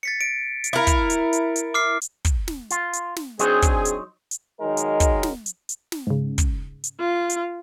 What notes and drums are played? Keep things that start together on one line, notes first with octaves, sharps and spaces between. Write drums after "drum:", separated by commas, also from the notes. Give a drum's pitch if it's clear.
A6 B6 C#7
D7
drum: hi-hat
E4 A#4
drum: kick, hi-hat
drum: hi-hat
drum: hi-hat
drum: hi-hat
D6 F6 C7
drum: hi-hat
drum: kick, hi-hat
drum: snare
F4, drum: hi-hat
drum: hi-hat
drum: snare
F#3 C4 D4 D#4 G#4 C5, drum: hi-hat
drum: kick, hi-hat
drum: hi-hat
drum: hi-hat
D#3 F#3 G#3 D#4 A#4
drum: hi-hat
drum: kick, hi-hat
drum: snare
drum: hi-hat
drum: hi-hat
drum: snare
G#2 C#3
drum: kick, hi-hat
drum: hi-hat
F4
drum: hi-hat